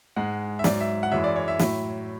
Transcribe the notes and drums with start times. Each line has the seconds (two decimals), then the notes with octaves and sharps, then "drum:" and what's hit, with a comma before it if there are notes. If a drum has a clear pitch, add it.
0.16 G#2 G#3 F#5
0.59 E5
0.64 G#2 F#3 D5, drum: snare
0.80 E5
1.03 F#5
1.12 F#2 E3 G#3 E5
1.24 D5
1.36 C#5
1.48 E5
1.59 A2 F#3, drum: snare